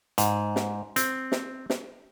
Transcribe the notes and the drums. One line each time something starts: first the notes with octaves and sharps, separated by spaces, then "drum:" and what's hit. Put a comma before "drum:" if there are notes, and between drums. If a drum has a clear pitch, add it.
G#2, drum: hi-hat
drum: snare
C4, drum: hi-hat
drum: snare
drum: snare